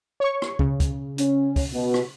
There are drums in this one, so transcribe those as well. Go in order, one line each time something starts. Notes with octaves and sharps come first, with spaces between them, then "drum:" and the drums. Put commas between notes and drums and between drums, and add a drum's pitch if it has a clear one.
C#5 C#6
drum: rim click
C#3, drum: kick
drum: kick, hi-hat
C#4, drum: hi-hat
drum: kick, open hi-hat
B2
drum: rim click